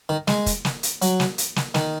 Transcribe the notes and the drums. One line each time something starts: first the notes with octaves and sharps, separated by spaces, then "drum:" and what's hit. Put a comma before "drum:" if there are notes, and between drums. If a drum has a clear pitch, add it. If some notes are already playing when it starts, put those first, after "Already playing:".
D#3
G#3, drum: snare
drum: kick, hi-hat
drum: snare
drum: hi-hat
F#3, drum: hi-hat
drum: snare
drum: hi-hat
drum: snare
D#3, drum: snare